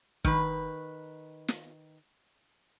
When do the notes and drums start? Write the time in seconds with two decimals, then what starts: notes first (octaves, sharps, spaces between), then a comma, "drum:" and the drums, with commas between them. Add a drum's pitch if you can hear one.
0.25 D#3 B4, drum: kick
1.48 drum: snare